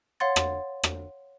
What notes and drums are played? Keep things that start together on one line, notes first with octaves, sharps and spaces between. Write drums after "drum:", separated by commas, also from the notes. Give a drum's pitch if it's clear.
C#5 F5 F#5 C6 A6
drum: rim click
drum: rim click